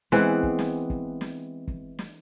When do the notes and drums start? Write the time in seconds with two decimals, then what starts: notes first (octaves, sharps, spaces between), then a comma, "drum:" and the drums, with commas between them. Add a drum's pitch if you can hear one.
0.12 E3 G#3 B3 C4
0.43 drum: kick
0.59 drum: snare
0.90 drum: kick
1.21 drum: snare
1.67 drum: kick
1.99 drum: snare